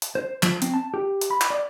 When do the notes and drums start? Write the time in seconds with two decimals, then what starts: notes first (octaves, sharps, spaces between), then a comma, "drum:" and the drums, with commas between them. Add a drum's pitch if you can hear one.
0.02 drum: hi-hat
0.15 C5
0.43 F3, drum: clap
0.62 C4, drum: hi-hat
0.74 A5
0.94 G4
1.21 drum: hi-hat
1.31 B5
1.41 drum: clap
1.50 D5